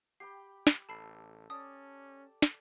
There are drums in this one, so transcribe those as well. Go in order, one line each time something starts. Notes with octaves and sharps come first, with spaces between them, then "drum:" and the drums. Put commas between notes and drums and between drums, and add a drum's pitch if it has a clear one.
G4 G5 B5 C7
drum: snare
A1 A4 A5 B5 C7
C#4 D5 A5 D#6
drum: snare